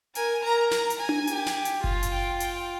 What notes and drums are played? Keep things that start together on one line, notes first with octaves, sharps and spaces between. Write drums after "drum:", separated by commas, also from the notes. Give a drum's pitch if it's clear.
A#4 G#5, drum: hi-hat
A#4 A#5
A#5, drum: snare
drum: hi-hat
G#5
drum: tom D4
G4, drum: hi-hat
drum: snare
drum: hi-hat
F4, drum: kick F#1
drum: hi-hat
G5
G5, drum: hi-hat